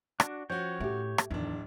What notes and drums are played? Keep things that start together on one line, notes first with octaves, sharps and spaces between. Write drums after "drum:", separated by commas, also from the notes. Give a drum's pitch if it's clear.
D4 F#4, drum: rim click
F3 C#4 F#4 C#5 G5
A2 A3 G4
drum: rim click
D1 E2 D3 D#3 D4